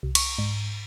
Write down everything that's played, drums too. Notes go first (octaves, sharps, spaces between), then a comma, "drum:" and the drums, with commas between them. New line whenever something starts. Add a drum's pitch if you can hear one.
C2
C#6, drum: cymbal
G#2